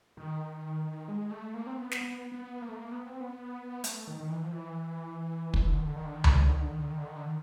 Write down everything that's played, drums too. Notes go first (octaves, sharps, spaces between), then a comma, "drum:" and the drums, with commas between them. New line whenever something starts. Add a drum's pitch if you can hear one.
D#3
G#3
A3
A#3
C4
B3
drum: snare
B3
B3
A#3
A3
A#3
B3
C4
B3
A3, drum: hi-hat
D#3
D#3
E3
F3
E3
drum: kick
D3
D#3
D3
D#3
D3
D#3
D3, drum: tom C#2
D#3
D3
D#3
D3
D#3
D3
D#3
D3
D#3
D3
D#3